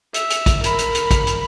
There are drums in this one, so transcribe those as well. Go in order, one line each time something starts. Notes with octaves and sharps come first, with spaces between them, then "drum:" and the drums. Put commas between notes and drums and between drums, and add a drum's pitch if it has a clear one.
E5, drum: hi-hat
drum: hi-hat
drum: kick, hi-hat
A#4 B5, drum: hi-hat
drum: hi-hat
drum: hi-hat
drum: kick, hi-hat
drum: hi-hat